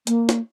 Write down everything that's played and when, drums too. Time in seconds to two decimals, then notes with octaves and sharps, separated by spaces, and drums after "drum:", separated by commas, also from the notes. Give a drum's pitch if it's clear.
0.07 A#3, drum: hi-hat
0.29 drum: snare